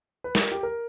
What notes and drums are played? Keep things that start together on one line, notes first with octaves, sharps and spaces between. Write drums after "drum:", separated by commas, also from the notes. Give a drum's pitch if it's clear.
B4
A#4, drum: snare
G4
A#4